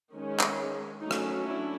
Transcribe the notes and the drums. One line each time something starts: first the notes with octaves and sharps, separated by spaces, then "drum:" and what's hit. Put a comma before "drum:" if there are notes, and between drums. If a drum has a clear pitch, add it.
D#3 G#3 C#4
drum: clap
F#3 A3 C#4 D#4
drum: rim click
D4 E4